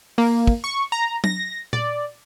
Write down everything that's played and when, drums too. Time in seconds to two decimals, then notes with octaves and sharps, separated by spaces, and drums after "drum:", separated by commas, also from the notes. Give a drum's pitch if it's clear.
0.18 A#3, drum: open hi-hat
0.47 drum: kick
0.64 C#6
0.92 A#5
1.24 A#6, drum: tom F#3
1.73 D5, drum: tom A#2